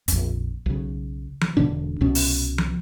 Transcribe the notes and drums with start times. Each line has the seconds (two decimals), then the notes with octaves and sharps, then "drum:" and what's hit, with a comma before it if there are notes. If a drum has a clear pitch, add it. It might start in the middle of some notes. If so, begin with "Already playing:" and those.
0.08 A#1 F2, drum: hi-hat
0.66 B1 C#3
1.41 drum: tom F3
1.57 E1 B2 D3 D4
2.01 C2 B2 C#4
2.15 drum: open hi-hat
2.58 drum: tom F3